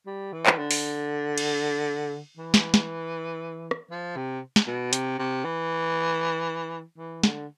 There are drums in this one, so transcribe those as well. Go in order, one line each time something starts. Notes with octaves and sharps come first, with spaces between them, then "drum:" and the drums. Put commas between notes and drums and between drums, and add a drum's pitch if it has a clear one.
G3
E3
drum: clap
D3
drum: open hi-hat
drum: cymbal
E3
drum: snare
drum: snare
drum: rim click
F3
C3
drum: snare
B2
C3, drum: hi-hat
C3
E3
E3
D3, drum: snare